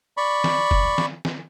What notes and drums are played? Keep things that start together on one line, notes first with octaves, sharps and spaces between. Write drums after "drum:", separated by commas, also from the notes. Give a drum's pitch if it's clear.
D5 B5 C#6
drum: snare
drum: kick F#1
drum: snare
drum: snare